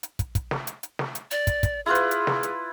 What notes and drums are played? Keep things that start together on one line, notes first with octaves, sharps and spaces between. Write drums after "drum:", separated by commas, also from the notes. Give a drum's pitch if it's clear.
drum: hi-hat
drum: kick, hi-hat
drum: kick, hi-hat
drum: snare
drum: hi-hat
drum: hi-hat
drum: snare
drum: hi-hat
D5, drum: hi-hat
drum: kick, hi-hat
drum: kick, hi-hat
E4 F4 G#4 B4
drum: hi-hat
drum: hi-hat
drum: snare
drum: hi-hat